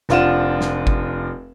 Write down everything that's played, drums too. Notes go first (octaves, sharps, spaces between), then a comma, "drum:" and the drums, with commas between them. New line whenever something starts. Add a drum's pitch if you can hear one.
F1 F3 D4 F4 F#5 E7, drum: snare
drum: snare
drum: kick G1